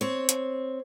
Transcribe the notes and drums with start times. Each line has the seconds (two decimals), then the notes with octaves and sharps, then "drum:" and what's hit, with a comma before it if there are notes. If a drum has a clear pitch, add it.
0.01 C4 C#5
0.29 drum: hi-hat